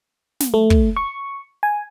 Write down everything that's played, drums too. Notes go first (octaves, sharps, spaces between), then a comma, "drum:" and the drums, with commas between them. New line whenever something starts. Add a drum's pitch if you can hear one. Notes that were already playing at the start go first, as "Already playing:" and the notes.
drum: snare
A3
drum: kick
C#6
G#5